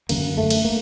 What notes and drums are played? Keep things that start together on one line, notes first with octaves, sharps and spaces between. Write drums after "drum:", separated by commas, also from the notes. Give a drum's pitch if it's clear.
F#2 D3 A#3, drum: cymbal
A3
drum: cymbal
A#3